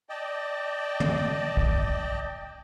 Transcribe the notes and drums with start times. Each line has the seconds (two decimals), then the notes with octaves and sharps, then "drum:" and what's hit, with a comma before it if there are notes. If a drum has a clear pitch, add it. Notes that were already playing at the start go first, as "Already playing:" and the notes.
0.09 D5 D#5 G5 A5
1.00 drum: tom
1.57 drum: kick